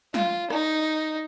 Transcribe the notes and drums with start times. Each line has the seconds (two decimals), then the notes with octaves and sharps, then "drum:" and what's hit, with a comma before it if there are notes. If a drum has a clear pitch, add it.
0.14 F4, drum: snare
0.50 D#4, drum: rim click